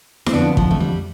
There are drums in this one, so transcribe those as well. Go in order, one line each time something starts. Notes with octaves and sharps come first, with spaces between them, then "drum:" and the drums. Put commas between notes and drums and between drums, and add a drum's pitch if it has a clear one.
C4, drum: snare E4
F2 D3 F3 B3 D4
F3, drum: kick
A3
G3